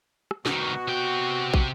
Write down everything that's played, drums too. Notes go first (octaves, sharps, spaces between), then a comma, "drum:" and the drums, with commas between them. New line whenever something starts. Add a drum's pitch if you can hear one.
drum: rim click
C2 B2 D#3 B3 F#4, drum: snare
C3 G5
drum: kick